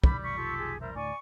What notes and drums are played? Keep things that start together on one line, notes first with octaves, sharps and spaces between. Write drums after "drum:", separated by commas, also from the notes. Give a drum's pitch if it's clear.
F1 B1 D#3 G3 B5, drum: kick
C#6 B6
F4 G4 A4
G#4
G3 A#4 C5 E5
D2 A2 D3 D5 G#5 C#6